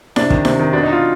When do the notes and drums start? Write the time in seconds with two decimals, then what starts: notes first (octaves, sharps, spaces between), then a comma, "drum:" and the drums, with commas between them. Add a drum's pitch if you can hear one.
0.16 C3 D4, drum: snare E4
0.30 D#3, drum: kick
0.45 C3, drum: snare E4
0.59 D#3
0.73 B2 D4
0.83 D#4
0.92 F4